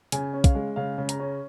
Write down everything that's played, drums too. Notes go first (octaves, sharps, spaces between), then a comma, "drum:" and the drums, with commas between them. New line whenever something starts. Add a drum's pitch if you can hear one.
C#3 G#5, drum: hi-hat
C#4
F5, drum: kick, hi-hat
G#3
C#3 F5
C#3
A#5, drum: hi-hat
C#4